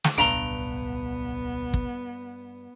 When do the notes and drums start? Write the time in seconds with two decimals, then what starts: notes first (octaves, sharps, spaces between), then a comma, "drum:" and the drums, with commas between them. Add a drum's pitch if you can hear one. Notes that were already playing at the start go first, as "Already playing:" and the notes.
0.04 drum: snare
0.18 D1 B1 G2 B3 A#5 D7 F7 G7, drum: hi-hat
1.74 drum: kick